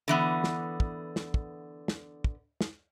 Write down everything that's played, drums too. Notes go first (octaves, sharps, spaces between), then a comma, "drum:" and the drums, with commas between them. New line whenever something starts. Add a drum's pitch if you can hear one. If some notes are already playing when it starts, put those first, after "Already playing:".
D3 E3 B3
drum: snare
drum: kick
drum: snare
drum: kick
drum: snare
drum: kick
drum: snare